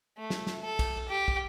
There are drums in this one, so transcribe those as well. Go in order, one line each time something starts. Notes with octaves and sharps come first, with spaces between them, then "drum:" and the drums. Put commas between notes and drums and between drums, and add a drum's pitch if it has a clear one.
A3
drum: snare
drum: snare
A4
drum: kick, cymbal
G4
drum: kick